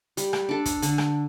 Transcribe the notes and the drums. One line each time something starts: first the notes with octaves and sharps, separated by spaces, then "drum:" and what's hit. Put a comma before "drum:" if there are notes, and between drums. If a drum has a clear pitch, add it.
G3, drum: hi-hat
drum: rim click
D4 A4
drum: kick, hi-hat
D3, drum: hi-hat
drum: rim click